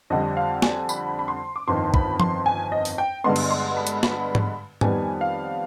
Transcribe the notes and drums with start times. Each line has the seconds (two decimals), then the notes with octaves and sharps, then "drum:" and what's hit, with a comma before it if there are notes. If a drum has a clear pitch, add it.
0.10 F2 D3 G3 D#5
0.37 F5
0.62 G#5, drum: snare
0.89 B5, drum: tambourine
1.19 B5
1.28 C6
1.56 D6
1.68 G1 F2 D#3 C6
1.94 B5, drum: kick
2.20 C6, drum: tom F3
2.46 G#5
2.72 D#5
2.85 drum: open hi-hat
2.98 G5
3.24 G2 D3 G#3 B3 C6
3.36 drum: cymbal
3.50 C6
3.77 B5
3.87 drum: hi-hat
4.03 B5, drum: snare
4.35 drum: tom G#2
4.81 F2 D#3 G3 B3 G#5, drum: tom G#2
5.21 F5